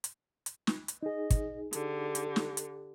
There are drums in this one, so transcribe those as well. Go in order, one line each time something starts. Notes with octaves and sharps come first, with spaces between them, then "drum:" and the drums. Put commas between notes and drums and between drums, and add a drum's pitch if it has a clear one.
drum: hi-hat
drum: hi-hat
drum: snare
drum: hi-hat
D#4 G#4 D#5
drum: kick, hi-hat
D3 G4, drum: hi-hat
drum: hi-hat
drum: snare
drum: hi-hat